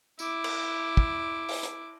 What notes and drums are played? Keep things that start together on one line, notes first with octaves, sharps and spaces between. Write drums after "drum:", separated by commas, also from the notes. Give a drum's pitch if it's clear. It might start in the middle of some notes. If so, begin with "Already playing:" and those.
E4 D6, drum: tambourine
drum: cymbal
drum: kick
drum: open hi-hat
drum: hi-hat